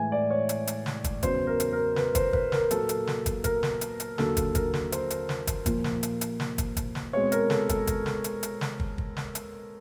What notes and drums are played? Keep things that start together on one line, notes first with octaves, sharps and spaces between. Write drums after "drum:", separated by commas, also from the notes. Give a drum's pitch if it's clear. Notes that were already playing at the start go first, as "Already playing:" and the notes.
Already playing: A2 E3 G#3 G#5
D5
C#5
drum: hi-hat
drum: hi-hat
drum: snare
drum: kick, hi-hat
E2 C#3 F#3 C5, drum: kick, hi-hat
A#4
drum: hi-hat
A#4
B4, drum: snare
C5, drum: kick, hi-hat
B4, drum: kick
A#4, drum: snare
A#2 F#3 A#3 A4, drum: hi-hat
drum: hi-hat
drum: snare
drum: kick, hi-hat
A#4, drum: kick, hi-hat
drum: snare
drum: hi-hat
drum: hi-hat
D#2 D3 F#3 A#3 A4, drum: snare
drum: kick, hi-hat
A#4, drum: kick, hi-hat
drum: snare
C5, drum: hi-hat
drum: hi-hat
drum: snare
drum: kick, hi-hat
A#2 F3 A#3, drum: kick, hi-hat
drum: snare
drum: hi-hat
drum: hi-hat
drum: snare
drum: kick, hi-hat
drum: kick, hi-hat
drum: snare
B2 G#3 C4 C#5
A#4, drum: hi-hat
A4, drum: snare
A4, drum: kick, hi-hat
drum: kick, hi-hat
drum: snare
drum: hi-hat
drum: hi-hat
drum: snare
drum: kick
drum: kick
drum: snare
drum: hi-hat